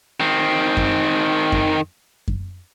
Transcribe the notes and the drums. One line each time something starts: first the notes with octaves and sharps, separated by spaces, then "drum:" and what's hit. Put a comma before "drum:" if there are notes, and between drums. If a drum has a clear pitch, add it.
D#3 C4
drum: kick F#2
drum: kick F#2
drum: kick F#2